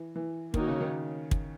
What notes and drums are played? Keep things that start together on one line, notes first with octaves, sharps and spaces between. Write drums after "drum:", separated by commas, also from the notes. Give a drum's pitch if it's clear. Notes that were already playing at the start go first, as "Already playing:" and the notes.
Already playing: E3
E3
D#3 A#3 D#4 F#4 C#5, drum: kick
C#3
D#3
drum: kick